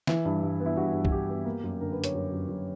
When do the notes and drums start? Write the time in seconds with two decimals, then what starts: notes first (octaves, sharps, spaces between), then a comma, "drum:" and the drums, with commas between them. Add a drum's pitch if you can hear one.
0.07 E3 E4, drum: snare
0.25 G2
0.43 G2
0.60 B3
0.66 E4
0.77 G2 F#4
0.93 G2
1.05 F#4, drum: kick
1.11 G2 G4
1.29 B3
1.45 A#3
1.64 F#2
1.81 D3 A#4
1.92 B4
1.97 D3
2.04 C#5, drum: hi-hat
2.15 F#2 C#5
2.32 F#2
2.49 F#2